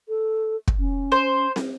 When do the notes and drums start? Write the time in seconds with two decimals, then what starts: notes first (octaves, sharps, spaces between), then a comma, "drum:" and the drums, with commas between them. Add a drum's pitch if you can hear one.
0.09 A4
0.68 drum: kick
0.79 C#4
1.12 C5
1.56 drum: snare